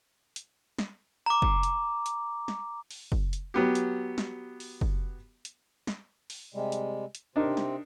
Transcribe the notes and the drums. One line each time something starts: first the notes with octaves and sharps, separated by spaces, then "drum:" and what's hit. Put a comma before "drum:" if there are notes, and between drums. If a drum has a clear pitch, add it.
drum: hi-hat
drum: snare
A#5 D6
drum: kick
drum: hi-hat
drum: hi-hat
drum: snare
drum: open hi-hat
drum: kick
drum: hi-hat
F#3 B3 G4
drum: hi-hat
drum: snare
drum: open hi-hat
drum: kick
drum: hi-hat
drum: snare
drum: open hi-hat
C3 G3 G#3
drum: hi-hat
drum: hi-hat
C3 C4 D4 D#4 A#4
drum: snare